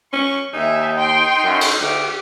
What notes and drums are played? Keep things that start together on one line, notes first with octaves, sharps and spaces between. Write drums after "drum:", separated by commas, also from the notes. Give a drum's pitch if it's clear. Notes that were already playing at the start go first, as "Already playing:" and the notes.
C#4 C#6
D#2 D#4 E5 G#5
G5 C6
F#2
drum: cymbal
D2 G4